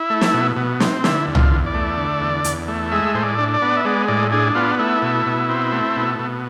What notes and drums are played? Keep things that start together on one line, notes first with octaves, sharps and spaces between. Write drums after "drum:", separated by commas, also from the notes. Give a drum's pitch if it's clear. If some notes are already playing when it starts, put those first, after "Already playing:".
Already playing: E4
A3
drum: snare
B2
B2
C4, drum: snare
D3 E4, drum: snare
E2
F4, drum: tom C2
E2
D5
A3
D3
E2
E2, drum: hi-hat
A3
G#3 E5
A2 C5
D5
D4
D5
B3
E5
G#3 D5
A2 D5
D4 G#4
B3 F4
A3 E4
B2
B2
C4
A3
B2
B2